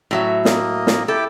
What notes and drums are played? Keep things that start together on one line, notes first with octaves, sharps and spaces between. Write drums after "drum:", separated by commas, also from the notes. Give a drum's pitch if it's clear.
A2 F#3 E5
A#3 D#5, drum: snare
drum: snare
E4 G4 A4 D6